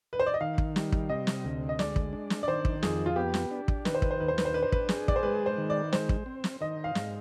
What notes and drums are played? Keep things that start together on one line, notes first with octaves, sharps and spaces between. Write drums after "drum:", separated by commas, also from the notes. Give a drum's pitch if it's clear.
B4
C5
D5
D#5
D#3 F5
drum: kick
G3, drum: snare
drum: kick
C3 D#5
drum: snare
D2
D#5
G#3 D5, drum: snare
drum: kick
D4
drum: snare
D5
D#3 C5
drum: kick
F2 G#4, drum: snare
F4
B3 G4
drum: snare
D4
drum: kick
D#3 B4, drum: snare
C5
B4, drum: kick
C5
D#2 B4
C5
B4, drum: snare
C5
D4 B4
C5
B4, drum: kick
G#4, drum: snare
D5, drum: kick
C5
G#3 B4
C5
D#3
D5
G#3 C5, drum: snare
drum: kick
C4
drum: snare
D#3 D#5
F5
G#2, drum: snare